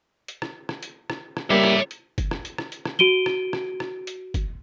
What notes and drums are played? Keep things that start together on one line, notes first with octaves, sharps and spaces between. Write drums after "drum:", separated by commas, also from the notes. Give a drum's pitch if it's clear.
drum: hi-hat
drum: rim click
drum: rim click
drum: hi-hat
drum: rim click
drum: rim click
G3 A#3 C#5 E5
drum: rim click
drum: hi-hat
drum: kick, hi-hat
drum: rim click
drum: hi-hat
drum: rim click
drum: hi-hat
drum: rim click
F#4 D7 D#7 G7
drum: rim click
drum: rim click
drum: rim click
drum: hi-hat
drum: kick, hi-hat